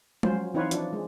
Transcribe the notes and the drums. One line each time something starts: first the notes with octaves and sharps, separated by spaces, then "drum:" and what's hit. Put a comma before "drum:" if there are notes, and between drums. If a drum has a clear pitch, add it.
F3 F#3 C#4 F4 C5, drum: tom G#3
E3 C4 D#4 F4 B4 C#5
F3 D4, drum: hi-hat
G#3